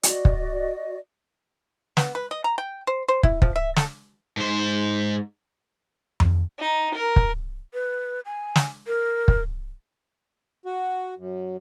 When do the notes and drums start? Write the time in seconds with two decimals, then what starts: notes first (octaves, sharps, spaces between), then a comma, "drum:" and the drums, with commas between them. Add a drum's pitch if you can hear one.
0.03 F#4 D5 D#5, drum: hi-hat
0.25 drum: kick
1.97 B3, drum: snare
2.15 B4
2.31 D#5
2.44 A#5
2.58 G5
2.87 C5
3.08 C5
3.23 E4, drum: kick
3.42 F3, drum: kick
3.56 E5
3.76 A4, drum: snare
4.37 G#2 C5
6.20 drum: tom F2
6.60 D#4
6.95 A#4
7.16 drum: kick
7.74 B4
8.25 G#5
8.56 drum: snare
8.87 A#4
9.28 drum: kick
10.66 F#4
11.17 F#2